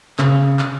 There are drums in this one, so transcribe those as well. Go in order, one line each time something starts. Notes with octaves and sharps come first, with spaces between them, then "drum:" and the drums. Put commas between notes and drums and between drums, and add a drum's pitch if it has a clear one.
C#3, drum: clap
drum: clap